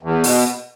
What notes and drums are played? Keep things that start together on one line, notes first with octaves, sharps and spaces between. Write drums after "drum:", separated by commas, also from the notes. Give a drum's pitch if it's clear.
E2
B2, drum: open hi-hat